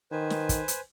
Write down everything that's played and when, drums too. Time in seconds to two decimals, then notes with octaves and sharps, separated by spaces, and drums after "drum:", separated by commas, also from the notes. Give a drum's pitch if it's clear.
0.12 D#3 B4 C5 G#5
0.30 drum: snare
0.49 drum: kick, hi-hat
0.68 drum: hi-hat